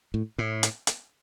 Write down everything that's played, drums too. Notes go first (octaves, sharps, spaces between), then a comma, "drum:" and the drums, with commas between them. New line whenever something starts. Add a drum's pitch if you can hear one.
A2
A2
drum: hi-hat
drum: hi-hat